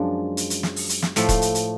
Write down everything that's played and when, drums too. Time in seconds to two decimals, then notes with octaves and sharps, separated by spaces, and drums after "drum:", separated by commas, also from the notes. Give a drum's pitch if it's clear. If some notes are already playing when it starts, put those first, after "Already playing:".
Already playing: F#2 F3 G#3 D4
0.37 drum: hi-hat
0.50 drum: hi-hat
0.63 drum: snare
0.76 drum: open hi-hat
0.89 drum: hi-hat
1.02 drum: snare
1.16 A2 F3 A3, drum: hi-hat
1.29 drum: kick E1, hi-hat
1.42 drum: hi-hat
1.55 drum: hi-hat